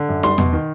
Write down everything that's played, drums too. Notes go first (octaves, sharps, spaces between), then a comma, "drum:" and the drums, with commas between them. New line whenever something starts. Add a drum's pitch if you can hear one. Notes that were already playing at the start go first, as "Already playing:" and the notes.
Already playing: D3
F#2
G3 C6, drum: snare D#4
B2, drum: tom E2
D#3